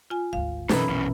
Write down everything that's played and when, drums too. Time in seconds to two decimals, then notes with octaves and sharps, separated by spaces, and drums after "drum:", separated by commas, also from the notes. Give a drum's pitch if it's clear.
0.10 F4 G#5
0.33 G#1 D2 F5
0.69 F#2 B2 E3 D#4 E4 A4 B4, drum: snare
0.89 A#1 E2 B2 C#4